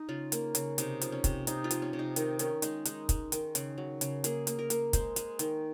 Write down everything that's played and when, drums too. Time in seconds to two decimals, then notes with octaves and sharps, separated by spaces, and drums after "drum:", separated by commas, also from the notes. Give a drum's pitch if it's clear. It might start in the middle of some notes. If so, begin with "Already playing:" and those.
Already playing: D#4
0.09 C#3 F4
0.32 A#3, drum: hi-hat
0.55 C#3, drum: hi-hat
0.78 C3 D#4, drum: hi-hat
1.01 F3, drum: hi-hat
1.12 C#4
1.24 C3, drum: kick, hi-hat
1.47 C3 D#4, drum: hi-hat
1.64 F4
1.71 F3, drum: hi-hat
1.82 C#4
1.93 C3
1.99 D#4
2.16 D#3 D#4, drum: hi-hat
2.39 D#3 C#4, drum: hi-hat
2.62 G#3 D#4, drum: hi-hat
2.85 G#3 D#4, drum: hi-hat
3.09 G#3, drum: kick, hi-hat
3.32 D#3, drum: hi-hat
3.55 C#3, drum: hi-hat
3.78 F#3
4.01 C#3, drum: hi-hat
4.24 A#3 G#4, drum: hi-hat
4.47 A#3, drum: hi-hat
4.59 A#4
4.70 A#3, drum: hi-hat
4.93 G#3 C5, drum: kick, hi-hat
5.16 G#3, drum: hi-hat
5.39 D#3, drum: hi-hat